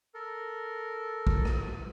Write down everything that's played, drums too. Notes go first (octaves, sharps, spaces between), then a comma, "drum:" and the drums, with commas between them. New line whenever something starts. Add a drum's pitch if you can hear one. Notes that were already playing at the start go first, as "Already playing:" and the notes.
A4 A#4
drum: kick
drum: rim click